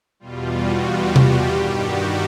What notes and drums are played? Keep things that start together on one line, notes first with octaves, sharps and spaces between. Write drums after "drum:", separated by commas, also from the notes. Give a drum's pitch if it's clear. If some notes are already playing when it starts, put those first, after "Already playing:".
E2 B2 G3 F4
F#4
G4
G4, drum: tom C3
G2 D#3 G3 G4
F#4